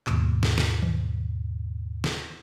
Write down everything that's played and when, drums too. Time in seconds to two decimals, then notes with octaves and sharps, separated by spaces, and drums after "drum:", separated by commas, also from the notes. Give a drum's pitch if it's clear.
0.07 D#2 G#2 B2, drum: clap
0.43 drum: snare
0.58 drum: snare
0.82 drum: tom D#3
2.04 drum: snare